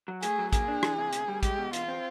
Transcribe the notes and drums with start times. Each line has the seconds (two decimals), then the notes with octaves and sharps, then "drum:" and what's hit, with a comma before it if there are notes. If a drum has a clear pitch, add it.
0.08 F#3
0.23 A3 G#4, drum: hi-hat
0.38 F#3
0.53 A#2 G#4, drum: kick, hi-hat
0.68 D4
0.83 E3, drum: rim click
0.98 C3
1.13 D2, drum: hi-hat
1.28 G3
1.43 G#3 G4, drum: kick, hi-hat
1.58 B2
1.73 E2 F4, drum: hi-hat
1.88 C4